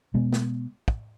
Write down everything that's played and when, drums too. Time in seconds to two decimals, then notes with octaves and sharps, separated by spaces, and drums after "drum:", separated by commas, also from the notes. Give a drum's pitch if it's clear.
0.14 B2 G#3 B3
0.33 drum: snare
0.88 drum: kick